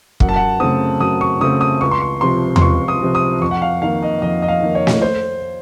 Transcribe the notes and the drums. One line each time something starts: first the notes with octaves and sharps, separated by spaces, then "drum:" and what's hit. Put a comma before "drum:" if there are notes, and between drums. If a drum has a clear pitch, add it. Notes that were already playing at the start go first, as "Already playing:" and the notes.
F#2 F#5, drum: kick
A5
F#5
C#3 A3 C4 D#6
F#2 D#6
C#6
C#3 A3 C4 D#6
D#6
C#2 C#6
C6
C#6
C3 F3 C4 C6
C6, drum: tom E2
C#2 C#6
D#6
C3 F3 C4
D#6
F2 C#6
F#5
F5
D#3 A#3 F5
D#5
F2 D#5
D#5
F5
D#3 A#3
C#5
drum: snare
C5